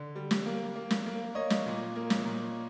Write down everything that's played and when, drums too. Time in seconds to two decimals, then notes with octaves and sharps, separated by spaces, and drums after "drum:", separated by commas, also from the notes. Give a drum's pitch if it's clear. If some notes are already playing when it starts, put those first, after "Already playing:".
Already playing: D3
0.16 G3
0.31 drum: snare
0.46 A#3
0.76 A#3
0.91 drum: snare
1.06 A#3
1.35 A#3 C#5 D#5
1.50 drum: snare
1.66 A#2
1.96 A#3
2.10 drum: snare
2.25 A#2